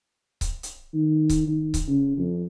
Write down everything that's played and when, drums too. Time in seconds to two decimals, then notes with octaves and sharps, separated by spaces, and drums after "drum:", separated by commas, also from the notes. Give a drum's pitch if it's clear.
0.41 drum: kick C#1, hi-hat
0.63 drum: hi-hat
0.94 D#3
1.29 drum: kick C#1, hi-hat
1.48 D#3
1.74 drum: kick C#1, hi-hat
1.88 C#3
2.18 F2